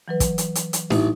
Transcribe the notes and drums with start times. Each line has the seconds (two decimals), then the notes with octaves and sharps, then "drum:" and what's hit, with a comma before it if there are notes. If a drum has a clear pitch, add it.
0.08 E3 F#3 B4
0.20 drum: kick, hi-hat
0.38 drum: hi-hat
0.55 drum: hi-hat
0.73 drum: hi-hat
0.91 A1 D#4, drum: snare D4